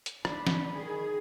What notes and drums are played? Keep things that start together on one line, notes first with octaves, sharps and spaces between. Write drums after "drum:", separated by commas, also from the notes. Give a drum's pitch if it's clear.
drum: hi-hat
D4 B5, drum: rim click
drum: snare
D#3 G#4